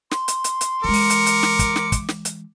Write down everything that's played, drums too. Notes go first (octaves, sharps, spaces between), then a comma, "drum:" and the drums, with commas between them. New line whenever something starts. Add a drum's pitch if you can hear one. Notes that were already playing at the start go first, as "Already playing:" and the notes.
C6, drum: snare
drum: hi-hat
drum: hi-hat
drum: hi-hat
E3 G#3 A#4 D6 C#7
drum: open hi-hat
drum: hi-hat
drum: hi-hat
drum: snare
drum: kick, hi-hat
drum: snare
drum: kick, hi-hat
drum: snare
drum: hi-hat